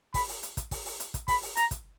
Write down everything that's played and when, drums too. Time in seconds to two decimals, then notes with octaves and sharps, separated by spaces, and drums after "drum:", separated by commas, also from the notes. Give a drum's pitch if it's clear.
0.14 B5, drum: kick, open hi-hat
0.29 drum: open hi-hat
0.43 drum: hi-hat
0.57 drum: kick, hi-hat
0.71 drum: kick, open hi-hat
0.86 drum: open hi-hat
1.00 drum: hi-hat
1.14 drum: kick, hi-hat
1.28 B5, drum: kick, open hi-hat
1.42 drum: open hi-hat
1.57 A#5, drum: hi-hat
1.71 drum: kick, hi-hat